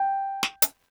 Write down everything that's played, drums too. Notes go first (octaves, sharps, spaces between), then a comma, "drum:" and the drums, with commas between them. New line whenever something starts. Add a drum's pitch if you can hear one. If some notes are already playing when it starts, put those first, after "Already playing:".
Already playing: G5
drum: snare
drum: hi-hat